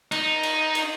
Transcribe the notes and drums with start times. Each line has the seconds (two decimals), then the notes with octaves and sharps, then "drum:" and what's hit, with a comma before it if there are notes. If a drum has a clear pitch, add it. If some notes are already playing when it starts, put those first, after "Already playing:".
0.12 D#4, drum: cymbal
0.43 drum: cymbal
0.75 drum: cymbal